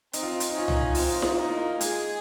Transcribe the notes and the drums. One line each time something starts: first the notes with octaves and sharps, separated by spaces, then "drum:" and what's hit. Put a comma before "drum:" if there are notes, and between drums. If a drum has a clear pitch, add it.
C4 D#4, drum: hi-hat
F4
D#4
F4, drum: hi-hat
D#4
C#4 F4
D#4, drum: tom
F4
D#4
C4 F4, drum: open hi-hat
D#4
F4
D#4, drum: snare E4
F4
A#3 D#4
F4
D#4
G#3 G#4, drum: hi-hat